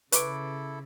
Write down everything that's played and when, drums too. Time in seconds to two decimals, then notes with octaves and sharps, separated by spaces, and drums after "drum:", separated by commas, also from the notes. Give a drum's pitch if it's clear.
0.12 C#3 E4 A4 B4 C#6 D6 D7, drum: hi-hat